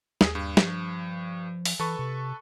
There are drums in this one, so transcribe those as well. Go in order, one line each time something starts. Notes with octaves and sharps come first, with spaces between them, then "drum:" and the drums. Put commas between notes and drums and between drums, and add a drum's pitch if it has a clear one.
D#2 G#4, drum: snare
G2
F3, drum: snare
drum: open hi-hat
E3 A4 B4 C#6
C3